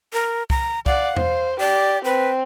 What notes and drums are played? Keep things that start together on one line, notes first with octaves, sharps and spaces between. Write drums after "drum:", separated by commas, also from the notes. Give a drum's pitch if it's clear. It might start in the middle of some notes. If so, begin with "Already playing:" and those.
A#4
A#5, drum: kick C2
D5 F5 F#5, drum: kick C2
C5, drum: tom E2
G4 D5
C4 B4